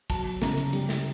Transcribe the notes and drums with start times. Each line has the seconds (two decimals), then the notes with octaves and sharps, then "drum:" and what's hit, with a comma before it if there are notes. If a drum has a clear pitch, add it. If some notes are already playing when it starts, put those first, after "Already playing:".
0.10 F#3 A5, drum: kick, cymbal
0.42 C#3 A#5, drum: snare
0.57 drum: cymbal
0.73 G3, drum: cymbal
0.89 drum: snare